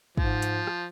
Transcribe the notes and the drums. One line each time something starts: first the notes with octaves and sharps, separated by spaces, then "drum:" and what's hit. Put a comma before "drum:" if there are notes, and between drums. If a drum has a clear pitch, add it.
G#2 F3, drum: kick
drum: hi-hat
drum: rim click